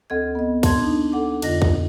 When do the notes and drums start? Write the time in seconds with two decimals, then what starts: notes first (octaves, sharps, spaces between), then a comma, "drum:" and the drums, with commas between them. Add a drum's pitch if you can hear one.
0.10 D2 C4 A4 D#5 G#6
0.35 B3 D#5
0.63 A5 C6 G#6, drum: kick, cymbal
0.79 D4 D#4
1.12 A4 F#5 D6
1.42 F2 D3 F4 D#5 A#6, drum: cymbal
1.62 drum: kick